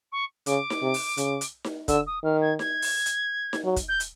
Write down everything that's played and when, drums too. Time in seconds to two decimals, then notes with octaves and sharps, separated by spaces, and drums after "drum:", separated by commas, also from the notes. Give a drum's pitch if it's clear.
0.12 C#6
0.46 C#3 D6, drum: hi-hat
0.70 drum: snare D#4
0.82 C3
0.94 drum: open hi-hat
1.17 C#3, drum: hi-hat
1.41 drum: hi-hat
1.64 drum: snare D#4
1.88 D3 E6, drum: kick, hi-hat
2.06 D#6
2.24 D#3 F6
2.41 G#6
2.59 G#6, drum: snare D#4
2.82 drum: open hi-hat
3.06 drum: hi-hat
3.53 drum: snare D#4
3.65 F#3
3.76 drum: kick, hi-hat
3.88 G6
4.00 drum: hi-hat